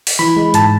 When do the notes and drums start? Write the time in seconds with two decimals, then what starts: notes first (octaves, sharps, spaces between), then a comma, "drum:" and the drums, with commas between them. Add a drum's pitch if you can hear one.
0.07 drum: open hi-hat
0.19 E3 B5
0.37 G#3
0.54 G#2 A5, drum: hi-hat